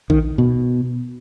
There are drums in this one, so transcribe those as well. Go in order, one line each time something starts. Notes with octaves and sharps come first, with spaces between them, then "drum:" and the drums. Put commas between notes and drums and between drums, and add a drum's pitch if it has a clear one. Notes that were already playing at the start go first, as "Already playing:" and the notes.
D#3, drum: kick A#1
B2